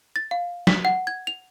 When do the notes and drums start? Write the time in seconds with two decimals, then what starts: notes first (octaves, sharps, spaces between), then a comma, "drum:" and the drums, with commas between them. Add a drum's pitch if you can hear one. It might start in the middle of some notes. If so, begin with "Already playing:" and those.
0.16 A6
0.31 F5
0.67 B6, drum: snare
0.85 F#5
1.07 G#6
1.27 F7